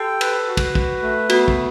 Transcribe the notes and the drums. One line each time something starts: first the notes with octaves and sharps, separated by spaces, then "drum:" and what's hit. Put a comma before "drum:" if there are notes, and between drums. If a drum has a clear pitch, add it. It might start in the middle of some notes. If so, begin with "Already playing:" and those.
Already playing: G4 A4 G5
B4, drum: cymbal
F#4
drum: kick, cymbal
B4, drum: kick
A3
B3 F#4, drum: cymbal
drum: kick